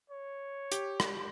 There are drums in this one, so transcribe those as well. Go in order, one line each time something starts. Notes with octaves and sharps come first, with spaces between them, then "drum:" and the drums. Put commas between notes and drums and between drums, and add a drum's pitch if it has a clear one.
C#5
G4, drum: hi-hat
drum: rim click